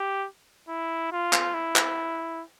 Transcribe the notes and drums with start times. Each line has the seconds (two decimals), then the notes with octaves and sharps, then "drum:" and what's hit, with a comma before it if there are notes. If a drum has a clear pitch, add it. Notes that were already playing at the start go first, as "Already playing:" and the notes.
Already playing: G4
0.69 E4
1.12 F4
1.33 drum: clap
1.54 E4
1.76 drum: clap